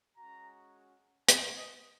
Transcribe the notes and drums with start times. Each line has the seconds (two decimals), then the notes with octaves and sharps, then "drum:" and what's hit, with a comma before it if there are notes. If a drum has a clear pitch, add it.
0.15 G#3 C#4 F#4 A#5
1.28 G#5, drum: hi-hat
1.56 D#5